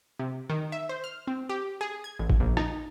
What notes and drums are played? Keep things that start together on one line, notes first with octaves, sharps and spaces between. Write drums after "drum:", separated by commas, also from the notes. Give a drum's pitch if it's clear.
C3
D#3
E5
C5
F6
C4
G4
G#4
G#6
A1
drum: kick
A#1
D#4, drum: rim click